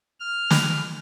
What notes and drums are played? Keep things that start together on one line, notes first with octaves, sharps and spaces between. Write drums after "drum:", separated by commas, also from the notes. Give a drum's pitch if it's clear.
F6
drum: snare